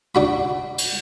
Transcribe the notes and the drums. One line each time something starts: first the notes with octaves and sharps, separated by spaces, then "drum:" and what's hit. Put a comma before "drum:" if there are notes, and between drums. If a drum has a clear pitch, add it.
D4 F#4 B5
drum: cymbal